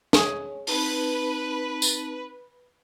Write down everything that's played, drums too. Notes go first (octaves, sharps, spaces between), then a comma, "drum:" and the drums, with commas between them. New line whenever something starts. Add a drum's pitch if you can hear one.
G#4 C#5, drum: snare
C4 D#4 B4 A5, drum: open hi-hat
drum: tambourine